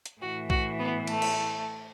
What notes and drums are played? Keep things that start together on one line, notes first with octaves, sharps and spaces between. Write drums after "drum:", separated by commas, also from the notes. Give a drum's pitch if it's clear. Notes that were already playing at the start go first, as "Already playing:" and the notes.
drum: hi-hat
A2 E3 F#4
F#4, drum: kick B1
B3
A3, drum: cymbal
drum: cymbal